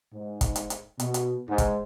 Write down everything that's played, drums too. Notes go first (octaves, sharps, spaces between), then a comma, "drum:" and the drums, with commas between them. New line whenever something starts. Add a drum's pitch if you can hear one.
G#2
drum: kick, hi-hat
drum: hi-hat
drum: hi-hat
B2, drum: hi-hat
drum: hi-hat
G#2
drum: kick, hi-hat